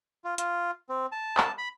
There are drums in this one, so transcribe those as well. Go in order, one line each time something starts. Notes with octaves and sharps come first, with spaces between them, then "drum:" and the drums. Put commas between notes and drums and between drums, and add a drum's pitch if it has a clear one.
F4
F4, drum: hi-hat
C4
A5
drum: clap
B5